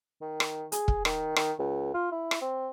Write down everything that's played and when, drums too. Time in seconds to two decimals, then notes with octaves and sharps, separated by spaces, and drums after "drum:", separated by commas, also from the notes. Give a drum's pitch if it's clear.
0.21 D#3
0.40 drum: rim click
0.72 G#4, drum: hi-hat
0.88 drum: kick
1.05 D#3, drum: rim click
1.36 D#3, drum: rim click
1.59 C#2
1.94 F4
2.12 E4
2.31 drum: rim click
2.41 C4